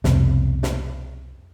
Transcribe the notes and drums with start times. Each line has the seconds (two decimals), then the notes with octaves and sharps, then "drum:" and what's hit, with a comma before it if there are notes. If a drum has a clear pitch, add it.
0.04 C2 F2 B2, drum: snare
0.63 drum: snare